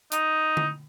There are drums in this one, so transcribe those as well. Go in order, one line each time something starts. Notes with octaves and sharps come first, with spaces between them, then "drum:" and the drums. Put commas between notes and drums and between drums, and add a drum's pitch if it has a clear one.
D#4, drum: hi-hat
drum: tom D3